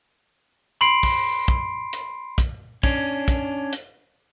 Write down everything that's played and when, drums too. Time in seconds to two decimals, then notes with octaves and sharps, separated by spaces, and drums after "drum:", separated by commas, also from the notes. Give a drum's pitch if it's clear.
0.81 B5 C6 C7 D7
1.03 drum: kick, open hi-hat
1.48 drum: kick, hi-hat
1.93 drum: hi-hat
2.38 drum: kick, hi-hat
2.83 C#4 D4, drum: kick
3.28 drum: kick, hi-hat
3.73 drum: hi-hat